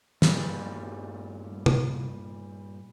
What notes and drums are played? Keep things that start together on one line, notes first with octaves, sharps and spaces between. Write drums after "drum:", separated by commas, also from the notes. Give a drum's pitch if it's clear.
G2 A#2 G3, drum: snare
drum: tom